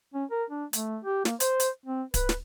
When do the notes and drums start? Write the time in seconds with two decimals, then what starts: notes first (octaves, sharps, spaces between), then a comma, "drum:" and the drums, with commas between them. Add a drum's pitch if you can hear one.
0.14 C#4
0.31 A#4
0.50 D4
0.73 A3, drum: hi-hat
1.05 G4
1.25 A#3, drum: snare
1.40 C5, drum: hi-hat
1.60 drum: hi-hat
1.86 C4
2.14 B4, drum: kick D1, hi-hat
2.29 drum: snare